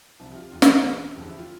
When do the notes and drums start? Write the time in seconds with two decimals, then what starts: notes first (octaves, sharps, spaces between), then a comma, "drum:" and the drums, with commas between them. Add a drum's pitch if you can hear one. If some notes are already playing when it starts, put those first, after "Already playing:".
0.19 C2 C3 F3
0.32 G4
0.36 F4
0.52 E1 E2 D3 F4
0.62 drum: snare
0.84 E1 E2 D3
1.16 E1 E2 D3 F3 G4
1.27 E4
1.38 F4